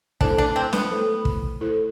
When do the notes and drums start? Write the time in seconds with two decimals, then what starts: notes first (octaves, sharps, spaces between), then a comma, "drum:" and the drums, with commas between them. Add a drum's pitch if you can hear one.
0.21 A3 D4 E4 A4 C5, drum: kick
0.38 D4
0.56 C4
0.73 B3, drum: snare
0.91 A3 E4 A4 C5
1.25 drum: kick
1.60 A3 E4 A4 C5